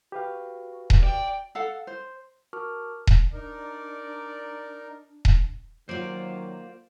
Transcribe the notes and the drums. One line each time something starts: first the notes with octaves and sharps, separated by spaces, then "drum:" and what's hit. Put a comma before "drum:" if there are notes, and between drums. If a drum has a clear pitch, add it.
F#4 G4 B4 F5
drum: kick D#1
D5 G5
A4 F5 F#5
C5
F#4 A#4 A5 C#6 D6 F6
drum: kick D#1
D4 D#4 A#4 D5
drum: kick D#1
D#3 F#3 A#3 F4 C5 D5